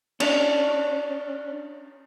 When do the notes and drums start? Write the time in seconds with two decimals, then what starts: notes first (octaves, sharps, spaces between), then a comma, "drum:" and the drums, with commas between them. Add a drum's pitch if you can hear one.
0.20 C#4 D4, drum: cymbal